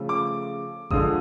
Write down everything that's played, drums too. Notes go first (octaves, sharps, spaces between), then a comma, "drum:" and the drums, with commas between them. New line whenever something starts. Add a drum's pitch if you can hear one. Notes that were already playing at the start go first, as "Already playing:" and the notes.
Already playing: C#3 F3 A3
D6
D3 F3 G#3 D#6, drum: kick G#1